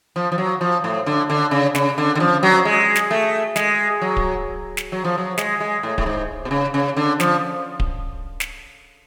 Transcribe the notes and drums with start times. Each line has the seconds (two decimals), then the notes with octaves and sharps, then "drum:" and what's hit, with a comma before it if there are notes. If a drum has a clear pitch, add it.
0.16 F3
0.32 F3
0.38 F#3
0.61 F3
0.84 A2
1.06 D3
1.30 D3
1.51 C#3
1.75 C#3, drum: snare
1.98 D3
2.15 D3
2.20 F3
2.43 F#3
2.65 G#3
2.96 drum: snare
3.11 A3
3.56 G#3, drum: snare
4.02 F#3
4.17 drum: kick D1
4.77 drum: snare
4.92 F#3
5.05 F3
5.18 F#3
5.38 G#3, drum: snare
5.60 G#3
5.83 A2
5.98 A2, drum: kick D1
6.06 G#2
6.45 B2
6.51 C#3
6.74 C#3
6.97 D3
7.20 F3, drum: snare
7.80 drum: kick D1
8.40 drum: snare